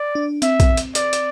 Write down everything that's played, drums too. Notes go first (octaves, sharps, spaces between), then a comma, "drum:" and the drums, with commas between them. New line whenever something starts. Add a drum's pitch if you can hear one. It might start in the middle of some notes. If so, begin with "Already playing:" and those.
Already playing: D5
D4
C4 E5, drum: hi-hat
drum: kick, hi-hat
drum: hi-hat
D5, drum: hi-hat
drum: hi-hat